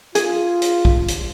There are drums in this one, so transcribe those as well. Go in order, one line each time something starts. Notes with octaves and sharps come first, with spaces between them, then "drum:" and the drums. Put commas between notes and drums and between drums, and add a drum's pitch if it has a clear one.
F4 G#4, drum: hi-hat
drum: hi-hat
drum: kick B1
drum: hi-hat